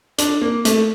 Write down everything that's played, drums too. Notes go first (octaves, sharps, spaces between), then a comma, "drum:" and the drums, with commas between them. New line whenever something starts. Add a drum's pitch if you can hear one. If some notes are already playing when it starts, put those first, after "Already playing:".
D4, drum: hi-hat
A#3
A3, drum: hi-hat